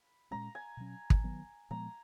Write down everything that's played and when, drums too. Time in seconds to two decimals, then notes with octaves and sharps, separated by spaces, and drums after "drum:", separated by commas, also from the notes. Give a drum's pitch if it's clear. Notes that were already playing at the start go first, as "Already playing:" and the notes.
Already playing: B5
0.31 A#2 G#3 C#4 A#5
0.55 G#5
0.77 B2 F#3 C#4
1.10 drum: kick
1.24 D#3 F#3 B3
1.70 A#2 F3 G#3 B3 A#5